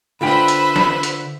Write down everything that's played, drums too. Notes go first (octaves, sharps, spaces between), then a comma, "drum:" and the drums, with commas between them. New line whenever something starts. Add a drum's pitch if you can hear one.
D3 F4 B4 C5 E5 G5 B5
drum: hi-hat
drum: snare
drum: hi-hat